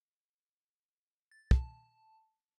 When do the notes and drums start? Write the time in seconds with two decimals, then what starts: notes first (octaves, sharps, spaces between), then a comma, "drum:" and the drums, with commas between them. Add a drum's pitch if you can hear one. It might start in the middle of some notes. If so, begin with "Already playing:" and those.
1.31 A6
1.51 A5, drum: kick